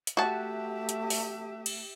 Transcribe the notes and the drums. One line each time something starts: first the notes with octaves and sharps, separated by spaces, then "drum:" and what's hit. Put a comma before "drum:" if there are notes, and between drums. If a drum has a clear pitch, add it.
drum: hi-hat
A3 F#4 G4 E5 A5
drum: hi-hat
drum: open hi-hat
drum: cymbal